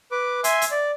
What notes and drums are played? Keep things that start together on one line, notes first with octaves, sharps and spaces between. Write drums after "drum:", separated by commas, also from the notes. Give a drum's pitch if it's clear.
B4 D6
E5 G#5 C6, drum: hi-hat
drum: hi-hat
D5